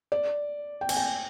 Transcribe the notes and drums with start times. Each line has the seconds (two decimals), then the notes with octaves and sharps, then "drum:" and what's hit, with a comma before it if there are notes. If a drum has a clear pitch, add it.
0.12 D5
0.81 G5
0.89 G#5, drum: cymbal
0.97 G5